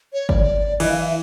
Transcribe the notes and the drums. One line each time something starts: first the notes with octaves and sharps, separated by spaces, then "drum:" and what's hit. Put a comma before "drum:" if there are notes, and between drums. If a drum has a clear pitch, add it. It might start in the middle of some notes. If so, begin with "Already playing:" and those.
C#5
D5, drum: kick G1
E3 D#5, drum: cymbal
F5
E5